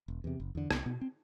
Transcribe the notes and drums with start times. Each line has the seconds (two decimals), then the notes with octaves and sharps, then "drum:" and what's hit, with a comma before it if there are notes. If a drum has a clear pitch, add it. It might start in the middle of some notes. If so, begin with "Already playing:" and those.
0.08 E1
0.24 E2 C3
0.40 F#1
0.55 E2 D3
0.71 C2 B3, drum: rim click
0.86 B2 B3
1.01 C4